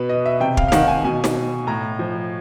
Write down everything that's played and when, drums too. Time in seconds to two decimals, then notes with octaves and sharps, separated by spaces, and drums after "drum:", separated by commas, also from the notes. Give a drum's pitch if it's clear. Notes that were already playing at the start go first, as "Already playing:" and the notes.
Already playing: B2 B4
0.09 D#5
0.26 E5
0.40 C3 G5
0.57 F5, drum: kick
0.68 F5
0.72 D#3 F#5, drum: snare
0.88 G#5
1.05 B2 G#5
1.24 drum: snare
1.67 A2 A#5
1.99 F3